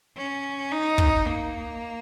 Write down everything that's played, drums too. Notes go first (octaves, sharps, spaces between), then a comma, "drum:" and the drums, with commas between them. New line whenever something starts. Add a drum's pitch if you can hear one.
C#4
D#4
drum: kick
A#3